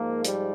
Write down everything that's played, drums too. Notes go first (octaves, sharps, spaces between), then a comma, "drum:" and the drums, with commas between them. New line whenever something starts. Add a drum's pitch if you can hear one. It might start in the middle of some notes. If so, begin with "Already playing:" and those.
Already playing: G#2 F3 A#3
G3, drum: hi-hat